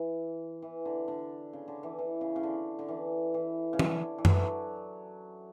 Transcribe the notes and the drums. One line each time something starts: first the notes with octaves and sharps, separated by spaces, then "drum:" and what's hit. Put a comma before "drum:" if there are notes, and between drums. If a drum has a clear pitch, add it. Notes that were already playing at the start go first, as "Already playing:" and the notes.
Already playing: E3
E3
D3
D3
C#3
D3
E3
E3
C#3
C#3
D3
D3
E3
E3
C#3
D3, drum: tom
E3
D3 F#3, drum: tom F#2